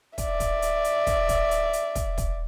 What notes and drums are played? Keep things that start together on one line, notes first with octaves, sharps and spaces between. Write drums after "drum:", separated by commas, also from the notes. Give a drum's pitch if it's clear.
D5 E5, drum: kick, hi-hat
drum: kick, hi-hat
drum: hi-hat
drum: hi-hat
drum: kick, hi-hat
drum: kick, hi-hat
drum: hi-hat
drum: hi-hat
drum: kick, hi-hat
drum: kick, hi-hat